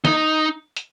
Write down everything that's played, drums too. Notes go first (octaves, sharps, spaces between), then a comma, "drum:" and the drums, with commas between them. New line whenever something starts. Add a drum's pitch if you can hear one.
D#4, drum: snare
drum: hi-hat